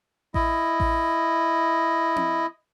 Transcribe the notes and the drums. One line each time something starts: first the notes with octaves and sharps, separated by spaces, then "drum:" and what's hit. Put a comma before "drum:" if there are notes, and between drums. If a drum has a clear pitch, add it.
E4 D#5, drum: kick A1
drum: kick A1
drum: tom C4